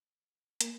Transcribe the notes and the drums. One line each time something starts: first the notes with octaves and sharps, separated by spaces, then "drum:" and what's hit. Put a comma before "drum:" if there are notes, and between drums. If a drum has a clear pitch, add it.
A#3, drum: hi-hat